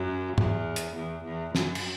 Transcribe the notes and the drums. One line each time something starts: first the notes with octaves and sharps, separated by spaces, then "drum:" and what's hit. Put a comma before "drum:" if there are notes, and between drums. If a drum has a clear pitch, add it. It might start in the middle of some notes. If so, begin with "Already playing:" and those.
Already playing: F#2
E2, drum: tom
drum: hi-hat
E2
E2
F#2, drum: snare
drum: cymbal